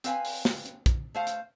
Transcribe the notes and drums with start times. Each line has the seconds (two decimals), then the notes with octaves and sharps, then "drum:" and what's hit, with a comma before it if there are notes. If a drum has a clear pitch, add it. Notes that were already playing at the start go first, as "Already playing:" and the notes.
0.04 C4 B4 F5 G#5, drum: hi-hat
0.25 drum: open hi-hat
0.45 drum: snare
0.66 drum: hi-hat
0.86 drum: kick, hi-hat
1.14 A3 C5 F5
1.27 drum: hi-hat